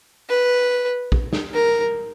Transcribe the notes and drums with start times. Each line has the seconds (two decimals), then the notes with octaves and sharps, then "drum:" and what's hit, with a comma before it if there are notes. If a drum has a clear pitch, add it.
0.29 B4
1.12 drum: kick A#1
1.33 drum: snare
1.54 A#4